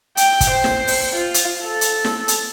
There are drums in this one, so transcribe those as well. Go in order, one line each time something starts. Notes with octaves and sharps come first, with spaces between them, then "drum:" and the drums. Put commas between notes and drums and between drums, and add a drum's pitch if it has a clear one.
G5, drum: hi-hat
drum: kick, hi-hat
C5
drum: snare
drum: open hi-hat
F4
drum: hi-hat
A4
drum: hi-hat
drum: snare
drum: hi-hat